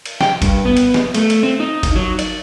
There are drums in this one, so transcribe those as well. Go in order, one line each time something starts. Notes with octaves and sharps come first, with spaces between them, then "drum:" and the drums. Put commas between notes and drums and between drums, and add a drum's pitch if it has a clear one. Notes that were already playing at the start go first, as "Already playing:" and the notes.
drum: cymbal
G5, drum: snare
G2, drum: kick G1, cymbal
B3
drum: cymbal
drum: snare
A3, drum: cymbal
drum: cymbal
C4
D#4
drum: kick G1, cymbal
F#3
D5, drum: cymbal